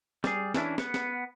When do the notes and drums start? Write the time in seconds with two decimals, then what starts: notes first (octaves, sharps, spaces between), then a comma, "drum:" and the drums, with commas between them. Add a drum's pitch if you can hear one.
0.24 G3 G#4, drum: snare
0.54 E3 C#4 D4 E4, drum: snare
0.78 B3 F#5, drum: snare
0.94 drum: snare